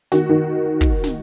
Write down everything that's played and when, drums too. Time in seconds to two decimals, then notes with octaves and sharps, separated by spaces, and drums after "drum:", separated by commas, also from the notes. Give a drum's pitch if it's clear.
0.12 D#3 F#4, drum: snare
0.29 D#3
0.81 drum: kick
1.04 drum: snare